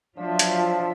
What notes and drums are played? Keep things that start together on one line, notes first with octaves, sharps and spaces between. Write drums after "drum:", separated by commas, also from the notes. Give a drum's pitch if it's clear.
F3 F#3 D4 F4 E5
drum: hi-hat